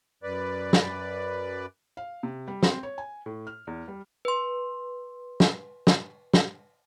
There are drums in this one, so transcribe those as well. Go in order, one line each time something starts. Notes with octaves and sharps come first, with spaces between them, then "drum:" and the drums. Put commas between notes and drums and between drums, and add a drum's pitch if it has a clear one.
F#2 B4 D5
drum: snare
F5
C3
G3
C4, drum: snare
C#5
G#5
A2
F6
E2
G3
B4 C6
drum: snare
drum: snare
drum: snare